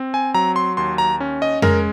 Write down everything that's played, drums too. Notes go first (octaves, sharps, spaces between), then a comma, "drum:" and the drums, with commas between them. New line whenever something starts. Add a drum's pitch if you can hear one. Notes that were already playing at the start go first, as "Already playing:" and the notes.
Already playing: C4
G#5
F#3 A#5
C6
D#2 C6
A#5
C#4
D#5
G#3 A#4, drum: tom F2